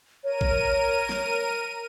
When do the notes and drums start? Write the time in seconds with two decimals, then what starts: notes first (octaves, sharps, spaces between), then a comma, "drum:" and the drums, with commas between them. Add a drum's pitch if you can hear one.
0.24 A#4 C#5 D#7
0.41 drum: kick
1.09 drum: snare